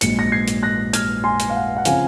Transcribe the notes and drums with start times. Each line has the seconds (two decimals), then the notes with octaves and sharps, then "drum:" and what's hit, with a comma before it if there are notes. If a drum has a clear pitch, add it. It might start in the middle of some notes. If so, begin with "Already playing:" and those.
0.01 A#1 G#2 F#3 C#7, drum: hi-hat
0.19 A#6 C#7
0.32 G#6 C7
0.47 drum: hi-hat
0.63 F#6 A#6
0.93 F6 G#6, drum: hi-hat
1.24 G#5 C6
1.39 drum: hi-hat
1.50 F5
1.55 F#5
1.77 F#5
1.85 C#3 F3 C4 F4 F5 G#5, drum: hi-hat